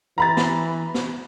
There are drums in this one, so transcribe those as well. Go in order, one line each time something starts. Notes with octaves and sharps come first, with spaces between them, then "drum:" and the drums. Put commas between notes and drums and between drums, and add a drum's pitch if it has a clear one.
E3 A#5 B5 A6
drum: snare
drum: snare